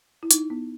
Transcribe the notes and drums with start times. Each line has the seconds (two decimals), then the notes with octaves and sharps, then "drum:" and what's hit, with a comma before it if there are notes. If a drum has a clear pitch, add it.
0.23 E4
0.31 D#4, drum: hi-hat
0.50 B3